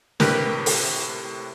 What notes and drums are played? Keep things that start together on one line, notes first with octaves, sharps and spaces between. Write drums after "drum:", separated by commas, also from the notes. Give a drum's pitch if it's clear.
A2 C3 G4 A#4 B4, drum: snare
drum: open hi-hat